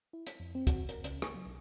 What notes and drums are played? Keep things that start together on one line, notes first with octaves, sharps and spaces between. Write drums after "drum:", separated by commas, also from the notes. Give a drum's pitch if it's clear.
E4
B6, drum: hi-hat
F2
C4
F#4, drum: kick, hi-hat
A#4, drum: hi-hat
C#3, drum: hi-hat
C#6, drum: rim click
F#3
B1